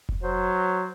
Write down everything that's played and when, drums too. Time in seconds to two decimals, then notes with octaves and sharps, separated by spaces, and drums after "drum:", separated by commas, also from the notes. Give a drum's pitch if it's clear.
0.09 drum: kick F1
0.23 F#3 C5